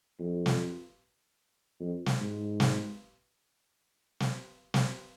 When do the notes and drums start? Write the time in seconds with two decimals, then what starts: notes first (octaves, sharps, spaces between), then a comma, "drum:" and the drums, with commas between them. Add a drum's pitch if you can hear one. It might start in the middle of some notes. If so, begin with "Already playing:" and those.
0.19 F2
0.46 drum: snare
1.80 F2
2.06 drum: snare
2.20 G#2
2.60 drum: snare
4.20 drum: snare
4.74 drum: snare